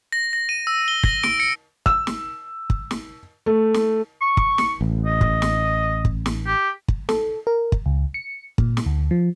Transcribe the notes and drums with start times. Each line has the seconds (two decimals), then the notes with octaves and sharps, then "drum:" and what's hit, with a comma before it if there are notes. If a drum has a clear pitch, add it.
0.12 A#6
0.33 A#6
0.49 D#7
0.67 E6
0.88 G7
1.04 A#6, drum: kick
1.23 D7, drum: snare
1.40 C#7
1.86 E6, drum: kick
2.07 drum: snare
2.70 drum: kick
2.91 drum: snare
3.46 A3
3.74 drum: snare
4.21 C#6
4.37 drum: kick
4.58 drum: snare
4.81 A1
5.06 D#5
5.21 drum: kick
5.42 drum: snare
6.05 drum: kick
6.26 drum: snare
6.47 G4
6.88 drum: kick
7.09 A4, drum: snare
7.47 A#4
7.72 drum: kick
7.86 C#2
8.14 C#7
8.58 A#2, drum: kick
8.77 drum: snare
8.86 D2
9.11 F3